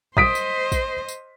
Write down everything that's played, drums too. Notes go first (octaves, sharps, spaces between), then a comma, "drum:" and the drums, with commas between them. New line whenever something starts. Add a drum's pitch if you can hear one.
C5 D#5 D#6 B6 D7, drum: kick
drum: tambourine
drum: kick, tambourine
drum: tambourine